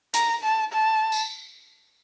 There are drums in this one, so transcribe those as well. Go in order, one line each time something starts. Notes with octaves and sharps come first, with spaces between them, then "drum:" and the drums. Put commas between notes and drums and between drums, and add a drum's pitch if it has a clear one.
A#5, drum: hi-hat
A5
A5
drum: tambourine